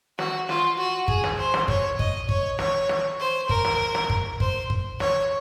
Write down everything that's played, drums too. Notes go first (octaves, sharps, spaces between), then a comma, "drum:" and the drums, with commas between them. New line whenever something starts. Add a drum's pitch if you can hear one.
F#4, drum: snare
F4, drum: snare
F#4
G#4, drum: kick
drum: snare
C5
drum: snare
C#5, drum: kick
D#5, drum: kick
C#5, drum: kick
C#5, drum: snare
drum: snare
C5
A#4, drum: kick
drum: snare
drum: snare
drum: kick
C5, drum: kick
drum: kick
C#5, drum: snare